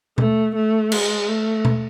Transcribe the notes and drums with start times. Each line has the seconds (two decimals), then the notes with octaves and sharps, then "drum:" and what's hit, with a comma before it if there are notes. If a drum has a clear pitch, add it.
0.18 A3, drum: tom B2
0.55 A3
0.92 G#3, drum: cymbal
1.28 A3
1.65 drum: tom B2